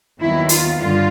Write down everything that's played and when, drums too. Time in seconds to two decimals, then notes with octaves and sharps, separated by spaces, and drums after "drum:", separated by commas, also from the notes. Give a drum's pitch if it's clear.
0.20 D#2 D#3 F#3 B3 E4
0.49 F4, drum: hi-hat
0.78 G2 D3 F4